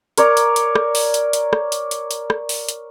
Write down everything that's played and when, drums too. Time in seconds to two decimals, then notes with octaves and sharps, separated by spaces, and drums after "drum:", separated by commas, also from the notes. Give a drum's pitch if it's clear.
0.18 A#4 C#5 D5 A#5, drum: hi-hat
0.37 drum: hi-hat
0.56 drum: hi-hat
0.75 drum: rim click
0.95 drum: open hi-hat
1.14 drum: hi-hat
1.33 drum: hi-hat
1.53 drum: rim click
1.72 drum: hi-hat
1.91 drum: hi-hat
2.11 drum: hi-hat
2.30 drum: rim click
2.49 drum: open hi-hat
2.69 drum: hi-hat